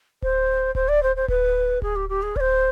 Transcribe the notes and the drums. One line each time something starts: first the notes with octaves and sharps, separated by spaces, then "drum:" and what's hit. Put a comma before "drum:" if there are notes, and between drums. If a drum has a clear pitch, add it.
C5, drum: kick D1
C5, drum: kick D1
D5
C5
C5
B4, drum: kick D1
G#4, drum: kick D1
G4
G4
G#4
D5, drum: kick D1
C5